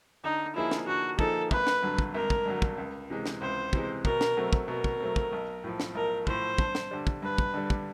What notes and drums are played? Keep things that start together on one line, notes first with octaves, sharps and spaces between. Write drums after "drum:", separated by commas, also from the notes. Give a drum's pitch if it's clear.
D3 D#4
F3 A#3 D#4 E4 G#4
drum: snare
D3 F#4
F3 A#3 D#4 G#4 A4, drum: kick
G#1 B4, drum: kick
drum: snare
G2 D3 F#3
drum: kick
G#1 A#4
drum: kick
G2 D3 F#3
drum: kick
C#2
C3 E3 G#3
drum: snare
C#2 C5
C3 E3 G#3, drum: kick
B2 A#4, drum: kick
drum: snare
F#3 A3 C4
drum: kick
B2 A#4
drum: kick
F#3 A3 C4
drum: kick
B1
A2 F3
drum: snare
B1 A#4
A2 F3 C5, drum: kick
G2, drum: kick
drum: snare
D3 G3
drum: kick
G2 B4
drum: kick
D3 G3
drum: kick